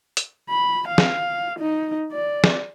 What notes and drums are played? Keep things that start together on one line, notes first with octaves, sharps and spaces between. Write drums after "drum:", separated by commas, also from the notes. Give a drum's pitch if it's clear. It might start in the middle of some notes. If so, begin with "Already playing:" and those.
drum: hi-hat
B5
F5
drum: snare
D#4
D5
drum: snare